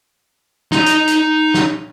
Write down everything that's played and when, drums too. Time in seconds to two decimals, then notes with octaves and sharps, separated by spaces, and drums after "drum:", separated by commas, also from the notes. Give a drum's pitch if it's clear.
0.72 D#4 A#5, drum: snare
0.86 drum: hi-hat
1.08 drum: hi-hat
1.54 drum: snare